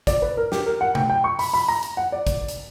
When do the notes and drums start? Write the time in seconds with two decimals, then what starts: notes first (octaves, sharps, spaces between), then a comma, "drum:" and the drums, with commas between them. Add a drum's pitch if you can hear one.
0.07 D5, drum: kick, hi-hat
0.22 B4
0.37 A#4
0.52 G4, drum: snare
0.66 A#4
0.81 F#5
0.95 G5, drum: tom C3
1.10 G5
1.24 C#6
1.39 B5, drum: open hi-hat
1.53 B5
1.68 A#5
1.83 drum: hi-hat
1.97 F#5
2.12 D5
2.27 drum: kick, hi-hat
2.48 drum: hi-hat